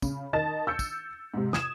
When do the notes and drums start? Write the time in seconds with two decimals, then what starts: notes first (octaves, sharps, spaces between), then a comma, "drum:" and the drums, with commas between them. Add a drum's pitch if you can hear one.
0.02 C#3, drum: kick, tambourine
0.33 D#3 D#4 D#5 A5 A6 E7
0.67 E6 G6 C#7
0.79 drum: kick, tambourine
1.34 G#2 C3
1.53 D#6 G#6 E7, drum: snare